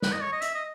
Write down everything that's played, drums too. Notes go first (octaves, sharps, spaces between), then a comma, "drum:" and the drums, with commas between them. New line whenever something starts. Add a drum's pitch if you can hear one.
B4, drum: snare
D#5
C#5
D#5
E5, drum: hi-hat
D#5